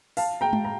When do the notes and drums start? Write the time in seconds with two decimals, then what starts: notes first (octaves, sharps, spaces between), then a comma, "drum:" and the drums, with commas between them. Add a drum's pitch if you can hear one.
0.17 F5 A5, drum: open hi-hat
0.41 G5 A#5
0.53 drum: tom G#3
0.65 A#5